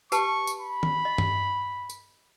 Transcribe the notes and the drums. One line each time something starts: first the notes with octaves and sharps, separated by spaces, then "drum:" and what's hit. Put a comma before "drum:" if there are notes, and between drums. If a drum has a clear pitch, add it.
G4 B4 A5 C#6, drum: tambourine
drum: tambourine
B5
drum: tom D#3
D#5
drum: tom G2
drum: tambourine